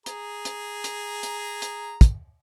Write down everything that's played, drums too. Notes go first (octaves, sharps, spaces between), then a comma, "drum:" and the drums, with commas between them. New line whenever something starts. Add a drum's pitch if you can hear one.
G#4 A#5, drum: hi-hat
drum: hi-hat
drum: hi-hat
drum: hi-hat
drum: hi-hat
drum: kick, hi-hat